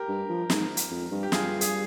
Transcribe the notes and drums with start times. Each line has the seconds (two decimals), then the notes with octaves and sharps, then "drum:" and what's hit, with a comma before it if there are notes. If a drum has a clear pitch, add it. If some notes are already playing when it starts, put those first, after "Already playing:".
Already playing: G4 A#4
0.09 G2
0.29 F3
0.50 G#2, drum: snare
0.77 drum: hi-hat
0.90 F2
1.11 G2
1.23 G4
1.32 G2 F4 G#4, drum: snare
1.61 G#4, drum: hi-hat